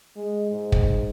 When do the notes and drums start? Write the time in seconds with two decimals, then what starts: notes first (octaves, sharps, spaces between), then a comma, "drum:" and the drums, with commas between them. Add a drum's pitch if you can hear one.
0.16 G#3
0.51 G#2
0.72 drum: kick